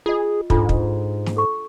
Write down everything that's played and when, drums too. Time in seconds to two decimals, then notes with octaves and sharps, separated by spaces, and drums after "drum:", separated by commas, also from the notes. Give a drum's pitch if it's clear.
0.06 F4 G#4 D#5
0.50 G#2 D4 F4 A4, drum: kick
0.69 drum: kick
1.26 drum: snare
1.37 A4 C#6